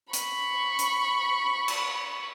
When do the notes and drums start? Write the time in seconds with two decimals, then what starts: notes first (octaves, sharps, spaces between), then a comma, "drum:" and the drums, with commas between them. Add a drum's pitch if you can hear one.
0.13 B5 C#6, drum: hi-hat
0.79 drum: hi-hat
1.68 drum: cymbal